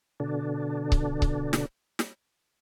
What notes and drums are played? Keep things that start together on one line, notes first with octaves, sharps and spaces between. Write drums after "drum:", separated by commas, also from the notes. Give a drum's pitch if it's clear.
B2 D3 D4
drum: kick C#1
drum: kick C#1
drum: snare
drum: snare